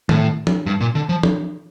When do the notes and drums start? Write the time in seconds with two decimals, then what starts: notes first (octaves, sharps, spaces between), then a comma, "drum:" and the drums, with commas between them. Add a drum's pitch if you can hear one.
0.09 A2, drum: tom D#3
0.47 drum: tom F3
0.66 G2
0.80 A#2
0.95 D3
1.09 F3
1.23 drum: tom F3